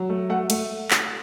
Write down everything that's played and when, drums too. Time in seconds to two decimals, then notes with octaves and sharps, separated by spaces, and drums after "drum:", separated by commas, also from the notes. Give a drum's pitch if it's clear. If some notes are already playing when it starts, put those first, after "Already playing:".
Already playing: F#3
0.09 A3
0.29 A3 F#5
0.50 A3, drum: cymbal
0.90 drum: clap